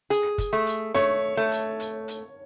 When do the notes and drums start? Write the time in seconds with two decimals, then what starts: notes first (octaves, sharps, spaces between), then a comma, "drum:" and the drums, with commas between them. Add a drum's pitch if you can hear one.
0.10 G#4, drum: hi-hat
0.38 drum: kick, hi-hat
0.53 A3
0.66 drum: hi-hat
0.94 A3 C#5, drum: snare
1.37 A3
1.51 drum: hi-hat
1.80 drum: hi-hat
2.08 drum: hi-hat